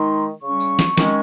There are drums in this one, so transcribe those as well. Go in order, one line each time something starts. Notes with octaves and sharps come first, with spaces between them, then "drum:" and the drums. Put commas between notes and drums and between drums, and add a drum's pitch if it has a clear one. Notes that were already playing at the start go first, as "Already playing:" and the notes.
Already playing: D#3 G#3 D#4 C6
C#3 G3 C#4 C#6
drum: tambourine
drum: snare
D#3 G#3 C#4, drum: snare